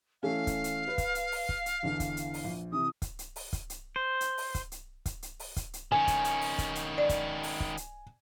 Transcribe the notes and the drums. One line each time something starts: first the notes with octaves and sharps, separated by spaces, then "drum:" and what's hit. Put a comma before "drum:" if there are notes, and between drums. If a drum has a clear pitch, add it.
E3 A3 C#4 F5
drum: kick, hi-hat
drum: hi-hat
B4
drum: kick, hi-hat
drum: hi-hat
drum: open hi-hat
drum: kick
drum: hi-hat
E2 D3 E3
drum: kick, hi-hat
drum: hi-hat
drum: open hi-hat
A#1
C3 E3 D#6
drum: kick, hi-hat
drum: hi-hat
drum: open hi-hat
drum: kick, hi-hat
drum: hi-hat
C5
drum: hi-hat
drum: open hi-hat
drum: kick, hi-hat
drum: hi-hat
drum: kick, hi-hat
drum: hi-hat
drum: open hi-hat
drum: kick, hi-hat
drum: hi-hat
D#3 C#4 G#5
drum: kick, hi-hat
drum: hi-hat
drum: open hi-hat
drum: kick, hi-hat
drum: hi-hat
D5
drum: kick, hi-hat
drum: open hi-hat
drum: kick
drum: hi-hat